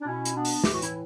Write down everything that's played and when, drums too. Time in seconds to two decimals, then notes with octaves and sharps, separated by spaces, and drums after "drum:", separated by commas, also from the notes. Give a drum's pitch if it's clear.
0.01 D4
0.05 B2 C#4 E4
0.25 drum: hi-hat
0.35 B3 D4
0.45 drum: open hi-hat
0.64 A2 E3 G4, drum: snare
0.73 F#4
0.82 E4, drum: hi-hat